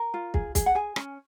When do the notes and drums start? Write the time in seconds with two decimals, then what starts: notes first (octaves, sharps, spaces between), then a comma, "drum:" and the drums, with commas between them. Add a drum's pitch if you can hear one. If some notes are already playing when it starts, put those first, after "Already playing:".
Already playing: A#4 A#5
0.14 F4
0.34 G#4, drum: kick
0.55 G#4, drum: kick, hi-hat
0.66 F#5
0.75 G#4 G#5
0.96 C#4, drum: rim click